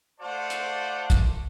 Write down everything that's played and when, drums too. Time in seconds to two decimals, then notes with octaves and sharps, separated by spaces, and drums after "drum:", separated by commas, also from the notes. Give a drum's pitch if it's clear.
0.20 A3 F4 C5 D5 F#5 A5
0.50 drum: hi-hat
1.10 drum: kick, hi-hat